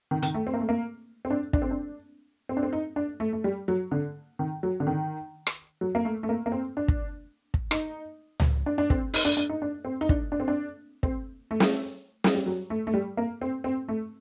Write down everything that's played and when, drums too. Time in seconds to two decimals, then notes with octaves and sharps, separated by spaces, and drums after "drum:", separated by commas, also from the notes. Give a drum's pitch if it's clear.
0.11 D#3
0.23 D#3, drum: hi-hat
0.34 A3
0.47 C4
0.54 A#3
0.61 A3
0.69 A#3
1.25 C4
1.31 D4
1.53 D4, drum: kick
1.62 C4
1.71 D4
2.49 C4
2.57 D4
2.63 C4
2.73 D#4
2.96 D4
3.20 A3
3.33 A3
3.44 G3
3.68 F#3
3.91 D3
4.39 D#3
4.63 F#3
4.80 D3
4.87 D#3
5.47 drum: rim click
5.81 F#3
5.95 A#3
6.05 A3
6.23 A3
6.29 A#3
6.46 A#3
6.52 C4
6.77 D4
6.88 drum: kick
7.54 drum: kick
7.71 D#4, drum: rim click
8.40 drum: tom C#2
8.66 D4
8.78 D4
8.90 C4, drum: kick
9.14 D#4, drum: open hi-hat
9.25 D4
9.37 D4
9.49 D#4
9.62 D4
9.85 C4
10.01 D#4
10.09 D4, drum: kick
10.32 D4
10.40 C4
10.48 D4
11.03 C4, drum: kick
11.51 A3
11.60 drum: snare
12.24 drum: snare
12.35 G3
12.46 F#3
12.70 A3
12.87 A3
12.94 G3
13.17 A#3
13.42 C4
13.64 C4
13.88 A3